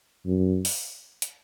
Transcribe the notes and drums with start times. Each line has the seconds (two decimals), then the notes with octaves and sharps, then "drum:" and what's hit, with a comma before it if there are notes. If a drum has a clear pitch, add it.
0.26 F#2
0.65 drum: open hi-hat
1.22 drum: hi-hat